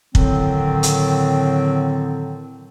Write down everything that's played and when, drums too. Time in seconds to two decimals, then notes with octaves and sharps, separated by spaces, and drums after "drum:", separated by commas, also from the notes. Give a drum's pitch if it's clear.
0.15 A2 D3 D#3 F#3 C4, drum: kick
0.83 drum: hi-hat